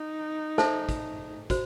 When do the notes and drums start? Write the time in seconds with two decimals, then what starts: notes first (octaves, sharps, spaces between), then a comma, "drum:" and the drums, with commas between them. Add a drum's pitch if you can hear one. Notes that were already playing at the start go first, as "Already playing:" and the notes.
Already playing: D#4
0.58 A4 C5 E5 A5, drum: snare
0.89 drum: kick, hi-hat
1.50 F#4 C5, drum: kick, hi-hat